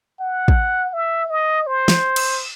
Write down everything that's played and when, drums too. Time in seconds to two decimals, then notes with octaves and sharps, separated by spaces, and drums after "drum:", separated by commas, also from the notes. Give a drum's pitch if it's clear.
0.20 F#5
0.48 drum: kick
0.93 E5
1.30 D#5
1.67 C5
1.88 drum: snare
2.16 drum: cymbal